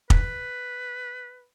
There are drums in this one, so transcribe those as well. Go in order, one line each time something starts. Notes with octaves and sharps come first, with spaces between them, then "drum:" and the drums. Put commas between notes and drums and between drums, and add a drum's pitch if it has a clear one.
B4, drum: kick